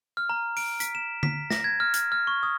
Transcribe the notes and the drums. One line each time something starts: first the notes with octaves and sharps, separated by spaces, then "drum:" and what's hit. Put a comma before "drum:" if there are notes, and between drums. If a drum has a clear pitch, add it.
F6
A#5
D7, drum: open hi-hat
B6, drum: hi-hat
E7
B6, drum: tom D3
A#6, drum: snare
G#6
F6
drum: hi-hat
F6
C#6
D#6